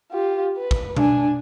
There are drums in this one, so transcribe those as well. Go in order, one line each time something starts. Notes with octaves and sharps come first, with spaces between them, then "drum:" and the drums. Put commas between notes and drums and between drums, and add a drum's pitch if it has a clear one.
F4 G4
B4
drum: kick
D4 G#5, drum: tom B2